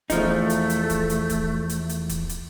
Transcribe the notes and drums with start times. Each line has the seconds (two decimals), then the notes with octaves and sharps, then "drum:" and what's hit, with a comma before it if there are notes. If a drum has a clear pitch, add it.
0.10 E2 F3 A3 D#4, drum: kick, hi-hat
0.50 drum: hi-hat
0.70 drum: hi-hat
0.90 drum: kick, hi-hat
1.10 drum: hi-hat
1.30 drum: kick, hi-hat
1.69 drum: hi-hat
1.89 drum: hi-hat
2.09 drum: kick, hi-hat
2.29 drum: hi-hat